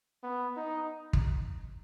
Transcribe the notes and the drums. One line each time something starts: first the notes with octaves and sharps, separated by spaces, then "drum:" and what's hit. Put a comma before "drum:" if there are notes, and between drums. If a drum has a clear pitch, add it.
B3
D#4
drum: kick